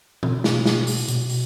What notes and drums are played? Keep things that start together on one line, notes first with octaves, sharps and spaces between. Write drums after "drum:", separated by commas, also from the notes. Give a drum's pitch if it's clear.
B2, drum: tom
drum: snare
drum: snare
drum: open hi-hat
B2, drum: hi-hat
drum: open hi-hat